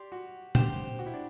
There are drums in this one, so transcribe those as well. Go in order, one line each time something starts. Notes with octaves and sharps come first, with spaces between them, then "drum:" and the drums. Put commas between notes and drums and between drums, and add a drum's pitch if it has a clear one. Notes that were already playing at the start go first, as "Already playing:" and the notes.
Already playing: G4 D5 C6
F#4
G4 C5 G5, drum: tom
F#4
E4
D4